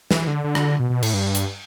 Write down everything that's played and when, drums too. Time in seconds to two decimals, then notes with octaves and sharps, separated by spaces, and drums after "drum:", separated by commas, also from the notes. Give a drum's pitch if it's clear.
0.11 E3, drum: snare
0.27 D3
0.44 D3
0.55 drum: rim click
0.80 B2
0.90 B2
1.03 A2, drum: cymbal
1.14 G2
1.35 drum: hi-hat